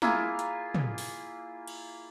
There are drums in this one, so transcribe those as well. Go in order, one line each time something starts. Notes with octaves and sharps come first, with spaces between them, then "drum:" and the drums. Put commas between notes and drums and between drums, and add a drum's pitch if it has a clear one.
A#3 E4 F4 G#4, drum: snare
drum: hi-hat
drum: tom
drum: open hi-hat
drum: cymbal